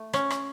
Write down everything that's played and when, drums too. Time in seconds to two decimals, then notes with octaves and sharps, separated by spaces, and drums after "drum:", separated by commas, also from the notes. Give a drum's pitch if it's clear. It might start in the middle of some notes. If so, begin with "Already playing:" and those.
Already playing: A3
0.13 C#4, drum: rim click
0.30 drum: rim click